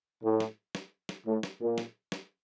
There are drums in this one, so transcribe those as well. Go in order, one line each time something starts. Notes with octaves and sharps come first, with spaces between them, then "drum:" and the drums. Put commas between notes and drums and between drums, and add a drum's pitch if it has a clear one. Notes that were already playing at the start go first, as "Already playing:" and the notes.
A2
drum: snare
drum: snare
drum: snare
A2
drum: snare
A#2
drum: snare
drum: snare